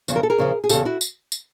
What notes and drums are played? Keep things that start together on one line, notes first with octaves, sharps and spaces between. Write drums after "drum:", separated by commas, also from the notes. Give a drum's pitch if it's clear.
E2 C#3 F3, drum: tambourine
A#4
A4
G#4 A#4
E2 C#3 F3
G#4
E2 C#3 F3 G4 A4, drum: tambourine
E4 F#4
drum: tambourine
drum: tambourine